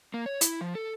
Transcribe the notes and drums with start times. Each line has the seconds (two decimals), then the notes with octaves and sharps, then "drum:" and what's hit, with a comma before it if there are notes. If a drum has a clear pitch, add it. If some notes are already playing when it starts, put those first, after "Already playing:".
0.14 A#3
0.26 C#5
0.41 E4, drum: hi-hat
0.61 F3
0.75 A4